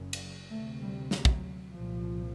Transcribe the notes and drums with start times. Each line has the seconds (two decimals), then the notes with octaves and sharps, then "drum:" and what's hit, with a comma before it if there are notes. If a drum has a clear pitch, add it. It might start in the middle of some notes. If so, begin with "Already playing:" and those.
Already playing: F#1 F#2 C#3
0.13 drum: cymbal
0.50 D2 C3 A3
0.81 G3
1.11 F#3, drum: snare
1.25 drum: kick
1.71 C2 A#2 F3